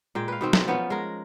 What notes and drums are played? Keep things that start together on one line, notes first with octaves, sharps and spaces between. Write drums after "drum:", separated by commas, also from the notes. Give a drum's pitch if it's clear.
A#2 G#3 G5
B4 F5
B2 D#3 C4
drum: snare
F3 B3 C#4 D#4
G#3 A#4